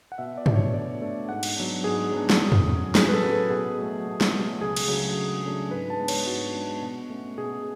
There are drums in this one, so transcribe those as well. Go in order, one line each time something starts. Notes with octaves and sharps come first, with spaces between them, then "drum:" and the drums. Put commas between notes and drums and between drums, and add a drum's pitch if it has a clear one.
F#5
B2 E5
D5
A3 D4, drum: tom
C#5
B2 D5
A3 D4
G#2 F#5
drum: cymbal
F#3 B3 D4
G#2 G#4
F#3 B3 D4
drum: snare
A2
drum: tom
F#3 C#4
A2 G#4, drum: snare
B4
A4
F#3 C#4
A4
B2 G#4
F#3 A3
B2
drum: snare
F#3 A3
C#2 G#4
drum: cymbal
C#3 F#3 A3 D4
C#2
C#3 F#3 A3 D4
G#2 B4
A5
G#3 B3 D4
C#5, drum: cymbal
G#2 F#4
G#3 B3 D4
B2
A3 C#4
B2 G#4